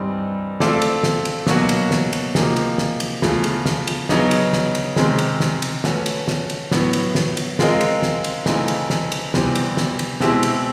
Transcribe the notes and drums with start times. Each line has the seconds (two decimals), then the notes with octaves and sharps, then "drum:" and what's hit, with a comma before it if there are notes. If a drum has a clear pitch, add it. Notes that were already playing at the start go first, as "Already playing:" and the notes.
Already playing: G2 E3 G3 C4 D#4
0.60 A3 C4 F4 A4 D5, drum: snare
0.82 drum: cymbal
1.03 drum: snare
1.25 drum: cymbal
1.47 B2 F#3 A#3 D#4 F#4, drum: snare
1.69 drum: cymbal
1.91 drum: snare
2.13 drum: cymbal
2.35 C3 F3 A#3 D#4 G#4, drum: snare
2.56 drum: cymbal
2.78 drum: snare
3.00 drum: cymbal
3.22 E2 C#3 F3 A3, drum: snare
3.44 drum: cymbal
3.66 drum: snare
3.87 drum: cymbal
4.09 C#3 F#3 B3 D#4, drum: snare
4.31 drum: cymbal
4.53 drum: snare
4.75 drum: cymbal
4.96 C3 D#3 G#3 C4, drum: snare
5.19 drum: cymbal
5.40 drum: snare
5.62 drum: cymbal
5.84 A3 C#4 F#4 B4, drum: snare
6.06 drum: cymbal
6.28 drum: snare
6.50 drum: cymbal
6.71 A2 F#3 B3, drum: snare
6.93 drum: cymbal
7.15 drum: snare
7.37 drum: cymbal
7.59 G#3 C4 F4 A#4 D#5, drum: snare
7.81 drum: cymbal
8.02 drum: snare
8.24 drum: cymbal
8.46 C#3 E3 A3 C4 D#4, drum: snare
8.68 drum: cymbal
8.90 drum: snare
9.12 drum: cymbal
9.34 E2 C3 E3 G3 C4, drum: snare
9.55 drum: cymbal
9.77 drum: snare
9.99 drum: cymbal
10.20 B2 G#3 C4 E4 G4, drum: snare
10.43 drum: cymbal